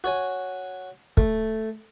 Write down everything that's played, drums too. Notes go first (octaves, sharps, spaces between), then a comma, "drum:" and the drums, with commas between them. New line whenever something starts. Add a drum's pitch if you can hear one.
F#4 C#5 G#5
A3, drum: kick